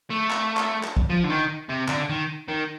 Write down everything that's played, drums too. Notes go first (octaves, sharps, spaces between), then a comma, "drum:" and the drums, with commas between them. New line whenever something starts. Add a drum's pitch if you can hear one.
A3
drum: clap
drum: clap
drum: clap
drum: kick
F3
D3
D#3
C3
D3, drum: clap
D#3
D#3